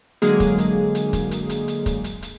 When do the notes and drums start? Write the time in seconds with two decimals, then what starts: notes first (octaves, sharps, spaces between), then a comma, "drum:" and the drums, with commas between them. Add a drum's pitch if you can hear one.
0.22 D3 F#3 G#3 A#3 G#4, drum: hi-hat
0.40 drum: kick, hi-hat
0.58 drum: hi-hat
0.95 drum: hi-hat
1.13 drum: kick, hi-hat
1.31 drum: hi-hat
1.49 drum: hi-hat
1.68 drum: hi-hat
1.86 drum: kick, hi-hat
2.04 drum: hi-hat
2.22 drum: hi-hat